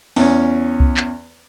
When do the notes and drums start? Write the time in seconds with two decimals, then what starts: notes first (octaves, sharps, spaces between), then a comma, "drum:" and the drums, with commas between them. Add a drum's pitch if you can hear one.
0.16 E2 C#4, drum: open hi-hat
0.80 drum: kick C2
0.97 drum: clap